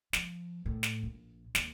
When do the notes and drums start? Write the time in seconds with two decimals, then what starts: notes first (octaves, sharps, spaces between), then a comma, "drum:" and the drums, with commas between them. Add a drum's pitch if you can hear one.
0.13 F3, drum: snare
0.66 A2
0.83 drum: snare
1.03 A#1
1.55 D#2, drum: snare